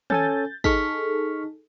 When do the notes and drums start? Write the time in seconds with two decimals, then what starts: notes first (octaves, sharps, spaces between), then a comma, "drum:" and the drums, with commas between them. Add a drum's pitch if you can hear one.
0.10 C#4 A4 G#5 G6 A6, drum: tom D#3
0.64 D#4 G#4 A4 C#6 F6 B6, drum: kick